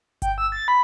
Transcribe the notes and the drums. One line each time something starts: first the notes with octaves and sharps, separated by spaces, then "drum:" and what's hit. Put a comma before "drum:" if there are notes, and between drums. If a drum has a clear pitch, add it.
G5, drum: kick G1, hi-hat
E6
A6
B5